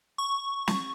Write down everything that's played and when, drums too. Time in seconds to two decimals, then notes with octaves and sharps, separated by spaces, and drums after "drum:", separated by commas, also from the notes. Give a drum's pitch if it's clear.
0.18 C#6
0.67 drum: snare